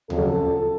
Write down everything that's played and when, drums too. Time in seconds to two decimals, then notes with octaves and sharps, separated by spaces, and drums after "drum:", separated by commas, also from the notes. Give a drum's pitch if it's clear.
0.10 F2 C#3 F#3 A4, drum: tom D2